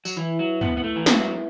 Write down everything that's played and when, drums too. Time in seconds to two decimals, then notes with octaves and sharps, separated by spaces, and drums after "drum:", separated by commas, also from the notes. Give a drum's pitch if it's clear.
0.05 F#3, drum: tambourine
0.17 E3 E4 B4 E5
0.39 F#3
0.61 B3, drum: tom
0.77 B3
0.84 A3
0.96 E3
1.06 F#3 E4 B4 E5, drum: snare